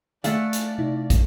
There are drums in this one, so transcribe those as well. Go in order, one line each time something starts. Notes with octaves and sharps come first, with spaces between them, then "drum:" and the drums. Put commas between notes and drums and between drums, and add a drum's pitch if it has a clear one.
A3 D5 F5 F#5 G#5 A6, drum: hi-hat
drum: hi-hat
C3 D#4 E4
drum: kick, hi-hat